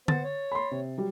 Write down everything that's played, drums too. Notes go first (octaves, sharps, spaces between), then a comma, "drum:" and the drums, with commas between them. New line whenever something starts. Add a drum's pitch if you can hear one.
B3 C5 A6, drum: tom D3
C#5
B5 C6
C3
F#3 G3